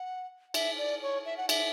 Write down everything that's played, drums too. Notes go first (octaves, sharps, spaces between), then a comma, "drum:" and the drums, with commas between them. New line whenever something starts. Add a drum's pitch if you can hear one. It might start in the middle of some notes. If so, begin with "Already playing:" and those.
Already playing: F#5
E5, drum: cymbal
D5
C#5
E5
F#5
E5, drum: cymbal